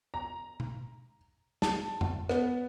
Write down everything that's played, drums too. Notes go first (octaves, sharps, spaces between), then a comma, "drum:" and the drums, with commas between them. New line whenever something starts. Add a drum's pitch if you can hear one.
A#5
drum: tom B2
A5, drum: snare
drum: tom F2
B3, drum: rim click